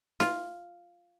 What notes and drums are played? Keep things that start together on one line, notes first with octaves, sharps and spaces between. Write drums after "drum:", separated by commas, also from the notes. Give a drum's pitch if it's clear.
F4, drum: snare